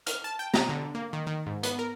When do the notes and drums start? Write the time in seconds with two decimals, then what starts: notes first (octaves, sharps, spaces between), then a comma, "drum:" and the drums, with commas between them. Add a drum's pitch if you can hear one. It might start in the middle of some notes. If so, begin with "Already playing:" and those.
0.06 F6, drum: hi-hat
0.24 A5
0.39 G5
0.54 A#5, drum: snare
0.69 D3
0.95 A#3
1.13 D#3
1.27 D#3
1.46 G#2
1.63 B3, drum: hi-hat
1.79 A#4